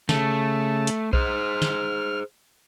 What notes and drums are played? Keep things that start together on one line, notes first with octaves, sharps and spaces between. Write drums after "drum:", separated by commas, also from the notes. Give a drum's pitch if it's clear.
C#3 A3 A5, drum: snare
drum: hi-hat
G#4 C5 F6, drum: kick B1
drum: snare